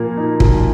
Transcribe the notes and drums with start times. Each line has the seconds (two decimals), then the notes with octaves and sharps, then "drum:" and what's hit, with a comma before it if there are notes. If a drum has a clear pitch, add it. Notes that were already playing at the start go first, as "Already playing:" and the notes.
Already playing: A#2 F3 A#3
0.17 D#4
0.40 F3, drum: kick